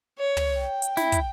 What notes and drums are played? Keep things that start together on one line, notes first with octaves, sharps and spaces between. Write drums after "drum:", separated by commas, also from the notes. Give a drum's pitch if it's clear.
C#5
drum: tom
G5
drum: hi-hat
E4, drum: snare
drum: kick, hi-hat